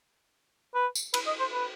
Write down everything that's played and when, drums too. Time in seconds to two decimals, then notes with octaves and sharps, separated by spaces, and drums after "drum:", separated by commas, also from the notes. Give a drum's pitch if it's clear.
0.75 B4
0.95 drum: tambourine
1.14 B4, drum: cymbal
1.27 D#5
1.40 C5
1.53 B4